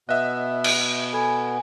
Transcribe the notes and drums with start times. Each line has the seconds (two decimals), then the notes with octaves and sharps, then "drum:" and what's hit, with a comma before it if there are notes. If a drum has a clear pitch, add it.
0.09 B2 B3 D#5 E5 F#6
0.64 drum: cymbal
1.13 A4 G#5 B5 G#6